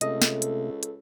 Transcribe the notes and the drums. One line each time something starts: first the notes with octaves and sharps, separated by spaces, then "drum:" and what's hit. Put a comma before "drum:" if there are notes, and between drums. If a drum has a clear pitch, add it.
C#2 C3 A3 A4 D#5, drum: hi-hat
drum: snare
drum: hi-hat
drum: hi-hat